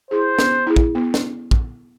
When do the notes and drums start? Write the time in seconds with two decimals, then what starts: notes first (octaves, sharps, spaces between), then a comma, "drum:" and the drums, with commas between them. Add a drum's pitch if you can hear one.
0.11 E4 G#4 C5
0.39 B3, drum: snare
0.67 E4 G#4
0.76 drum: kick
0.95 B3
1.14 drum: snare
1.51 drum: kick